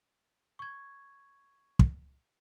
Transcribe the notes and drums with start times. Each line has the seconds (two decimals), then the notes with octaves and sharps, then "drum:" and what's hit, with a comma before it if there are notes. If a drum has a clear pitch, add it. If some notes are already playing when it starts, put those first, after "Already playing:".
0.59 C#6 G#6
1.79 drum: kick